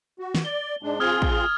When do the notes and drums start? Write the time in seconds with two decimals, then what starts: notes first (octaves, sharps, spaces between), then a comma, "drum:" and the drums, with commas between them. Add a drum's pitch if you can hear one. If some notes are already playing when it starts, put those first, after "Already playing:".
0.19 F#4
0.35 drum: snare
0.45 D5 G7
0.83 G#2 G#3 D4
1.00 C4 F4 G#4 D#6 F6 G#6
1.22 drum: kick